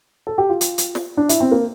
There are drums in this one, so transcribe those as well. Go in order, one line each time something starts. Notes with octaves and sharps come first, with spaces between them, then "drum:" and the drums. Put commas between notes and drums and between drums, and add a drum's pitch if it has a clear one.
A4
G4
F4
drum: hi-hat
drum: hi-hat
drum: snare
D4
E4, drum: hi-hat
C4
A#3